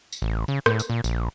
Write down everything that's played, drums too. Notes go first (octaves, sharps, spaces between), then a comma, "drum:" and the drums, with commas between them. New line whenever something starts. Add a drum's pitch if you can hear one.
drum: tambourine
A1
C#3
A2, drum: rim click
drum: tambourine
A#2
A#1, drum: tambourine